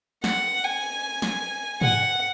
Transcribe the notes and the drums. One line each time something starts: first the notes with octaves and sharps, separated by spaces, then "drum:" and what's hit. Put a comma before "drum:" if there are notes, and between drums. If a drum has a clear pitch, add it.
F#5, drum: snare
G#5
drum: snare
F#5, drum: tom